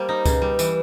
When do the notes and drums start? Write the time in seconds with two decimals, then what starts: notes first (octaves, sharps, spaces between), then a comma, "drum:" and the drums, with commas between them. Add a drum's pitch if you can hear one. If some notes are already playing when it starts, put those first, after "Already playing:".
Already playing: G3 A#3 C5
0.09 D#4
0.26 C#3 B4, drum: kick C#2, tambourine
0.42 G3
0.59 E3, drum: tambourine